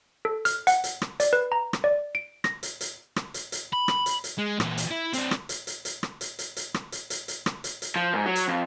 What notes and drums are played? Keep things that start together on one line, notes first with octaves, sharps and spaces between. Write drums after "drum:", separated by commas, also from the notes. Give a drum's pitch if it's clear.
A4
F6, drum: hi-hat
F#5, drum: hi-hat
drum: hi-hat
drum: rim click
D5, drum: hi-hat
B4
A#5
drum: rim click
D5
D7
A#6, drum: rim click
drum: hi-hat
drum: hi-hat
drum: rim click
drum: hi-hat
drum: hi-hat
B5
drum: rim click
drum: hi-hat
drum: hi-hat
G#3
A#2 E3, drum: rim click
drum: hi-hat
E4
C4 D4, drum: hi-hat
drum: rim click
drum: hi-hat
drum: hi-hat
drum: hi-hat
drum: rim click
drum: hi-hat
drum: hi-hat
drum: hi-hat
drum: rim click
drum: hi-hat
drum: hi-hat
drum: hi-hat
drum: rim click
drum: hi-hat
drum: hi-hat
F3
G#2
F#3
drum: hi-hat
F2